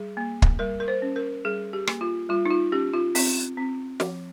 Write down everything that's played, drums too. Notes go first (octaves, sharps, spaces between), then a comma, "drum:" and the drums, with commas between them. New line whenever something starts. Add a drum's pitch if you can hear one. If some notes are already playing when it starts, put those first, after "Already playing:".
Already playing: G3 G#4
A#3
drum: kick
G3 A#4
A#4
C5
C#4
A#4
G3 G#4
G4
A#3, drum: rim click
F4
G3 F4
D#4
F4
C#4 G4
F4
C4, drum: open hi-hat
C4
F3, drum: snare